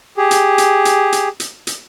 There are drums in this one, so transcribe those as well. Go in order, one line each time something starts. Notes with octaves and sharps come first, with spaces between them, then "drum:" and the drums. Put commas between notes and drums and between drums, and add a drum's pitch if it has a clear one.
G4 G#4
drum: hi-hat
drum: hi-hat
drum: hi-hat
drum: hi-hat
drum: hi-hat
drum: hi-hat